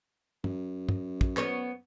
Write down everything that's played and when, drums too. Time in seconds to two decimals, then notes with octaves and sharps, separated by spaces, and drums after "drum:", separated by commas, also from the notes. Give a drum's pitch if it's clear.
0.44 F#2, drum: tom
0.89 drum: tom
1.21 drum: kick
1.37 B3 C#5, drum: clap